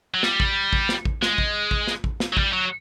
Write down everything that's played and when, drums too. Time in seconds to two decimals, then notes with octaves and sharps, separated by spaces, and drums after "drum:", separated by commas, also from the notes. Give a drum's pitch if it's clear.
0.14 F#3
0.23 G3, drum: snare
0.40 drum: kick A1
0.73 drum: kick A1
0.89 drum: snare
1.05 drum: kick A1
1.22 G#3, drum: snare
1.38 drum: kick A1
1.71 drum: kick A1
1.87 drum: snare
2.04 drum: kick A1
2.20 drum: snare
2.33 F#3
2.37 G3, drum: kick A1
2.53 F#3